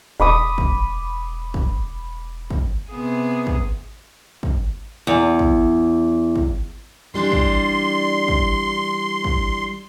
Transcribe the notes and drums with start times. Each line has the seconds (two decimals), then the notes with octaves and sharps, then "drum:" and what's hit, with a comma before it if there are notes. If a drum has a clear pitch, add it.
0.20 E1 B5 D6 D#6
0.58 drum: kick
1.54 drum: kick
2.50 drum: kick
2.90 C3 B3 G#4
3.47 drum: kick
4.43 drum: kick
5.07 E2
5.39 drum: kick
6.36 drum: kick
7.14 E3 G3 D4 C6
7.32 drum: kick
8.28 drum: kick
9.24 drum: kick